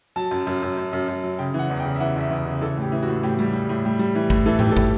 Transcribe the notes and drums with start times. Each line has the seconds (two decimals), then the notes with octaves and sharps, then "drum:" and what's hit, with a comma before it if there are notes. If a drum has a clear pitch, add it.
0.16 F#3 A5
0.31 F#2
0.47 F#2
0.63 F#2
0.77 F#2
0.93 F#2
1.08 F#2
1.24 F#3
1.39 C#3 G5
1.54 E3 F#5
1.70 E2
1.80 G5
1.85 C#3
1.96 E5
2.00 E3 F#5
2.16 E2 E5
2.31 E2
2.46 C#3
2.61 E3 A4
2.77 A2
2.82 G4
2.92 E3
3.03 F#4
3.08 A2
3.23 A2 G4
3.39 G3
3.53 G3
3.69 A2
3.85 G3
3.99 G3
4.15 E3
4.30 A2, drum: kick
4.46 E3 A4
4.59 E3 G4, drum: tom G#2
4.71 A4
4.77 A2, drum: kick